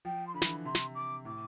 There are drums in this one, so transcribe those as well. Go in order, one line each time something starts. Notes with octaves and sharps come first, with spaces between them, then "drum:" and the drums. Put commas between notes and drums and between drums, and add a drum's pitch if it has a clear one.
F3 G5
C6
D3 B5
E3, drum: snare
D3
C3 C6
drum: snare
D6
A2 D6